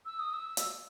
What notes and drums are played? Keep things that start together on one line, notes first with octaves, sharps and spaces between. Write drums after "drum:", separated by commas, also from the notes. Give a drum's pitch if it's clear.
E6
D#6
E6
drum: hi-hat